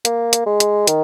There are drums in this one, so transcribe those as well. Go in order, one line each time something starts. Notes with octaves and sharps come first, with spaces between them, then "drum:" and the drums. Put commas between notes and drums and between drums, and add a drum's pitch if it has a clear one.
A#3, drum: hi-hat
drum: hi-hat
G#3
drum: hi-hat
D#3, drum: hi-hat